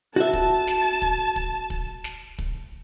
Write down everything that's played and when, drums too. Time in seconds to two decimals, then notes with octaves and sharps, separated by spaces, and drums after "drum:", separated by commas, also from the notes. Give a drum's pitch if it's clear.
0.16 F#4 E5 A5
0.33 drum: kick
0.68 drum: snare
1.02 drum: kick
1.36 drum: kick
1.70 drum: kick
2.04 drum: snare
2.39 drum: kick